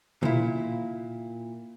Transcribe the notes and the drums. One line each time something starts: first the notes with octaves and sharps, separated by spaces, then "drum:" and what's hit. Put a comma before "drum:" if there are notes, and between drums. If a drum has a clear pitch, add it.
A#2 E4, drum: tom